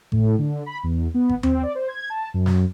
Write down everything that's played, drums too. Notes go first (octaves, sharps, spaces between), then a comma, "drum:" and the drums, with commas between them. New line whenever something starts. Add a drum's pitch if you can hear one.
A2, drum: kick G#1
D3
B5
E2
B3
drum: kick G#1
C4, drum: tom D#2
D5
C5
G#6
A5
F#2
drum: snare